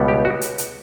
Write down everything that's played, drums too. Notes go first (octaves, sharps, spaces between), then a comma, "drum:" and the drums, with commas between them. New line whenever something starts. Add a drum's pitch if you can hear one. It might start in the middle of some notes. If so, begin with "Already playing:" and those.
Already playing: C#2 B2 G3 B3
G4
F#4
drum: hi-hat
drum: hi-hat